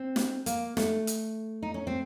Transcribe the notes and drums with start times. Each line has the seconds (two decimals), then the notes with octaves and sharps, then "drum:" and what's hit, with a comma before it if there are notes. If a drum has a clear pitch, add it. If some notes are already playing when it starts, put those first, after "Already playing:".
Already playing: C4
0.16 drum: snare
0.46 A#3, drum: hi-hat
0.77 A3, drum: snare
1.07 drum: hi-hat
1.63 D#4
1.74 C#4
1.87 C4